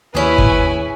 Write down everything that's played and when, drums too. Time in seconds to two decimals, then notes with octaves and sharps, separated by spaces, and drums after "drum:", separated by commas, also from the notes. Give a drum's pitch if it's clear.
0.15 D#2 C#4 E4 G#4 B4 G#5
0.38 drum: kick G1